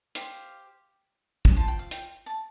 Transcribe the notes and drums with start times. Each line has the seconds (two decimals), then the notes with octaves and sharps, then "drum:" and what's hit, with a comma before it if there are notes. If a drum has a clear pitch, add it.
0.15 G4 C5 F5, drum: hi-hat
1.45 drum: kick
1.56 F4 C5 A5
1.68 G5
1.79 F5
1.91 G5, drum: hi-hat
2.26 A5